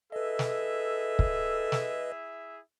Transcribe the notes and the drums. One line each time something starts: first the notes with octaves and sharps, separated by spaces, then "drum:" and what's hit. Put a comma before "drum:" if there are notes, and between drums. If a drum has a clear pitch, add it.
E4 G#4 A4 B4 D#5 E5
drum: snare
drum: kick
drum: snare